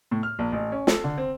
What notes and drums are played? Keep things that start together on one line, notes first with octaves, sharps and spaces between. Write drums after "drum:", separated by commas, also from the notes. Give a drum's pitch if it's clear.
A2
F6
A#1
A1
C#4
A4, drum: snare
D3
C4